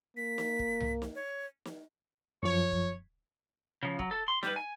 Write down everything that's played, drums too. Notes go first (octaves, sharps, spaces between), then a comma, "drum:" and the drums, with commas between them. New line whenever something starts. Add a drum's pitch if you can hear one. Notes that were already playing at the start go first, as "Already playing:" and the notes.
A#3 B6
drum: snare
drum: kick
drum: tom C2
drum: snare
C#5
drum: snare
F#2 F3 C#5
drum: kick
C#3 F3
F#3, drum: kick
A4
C6
G3 B4, drum: snare
G#5